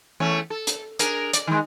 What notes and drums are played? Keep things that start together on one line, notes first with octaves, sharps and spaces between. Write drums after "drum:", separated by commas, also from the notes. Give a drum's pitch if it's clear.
E2 A3 C#4
A4
drum: hi-hat
D4 G#4 A#4, drum: hi-hat
D5, drum: hi-hat
D#3 G#3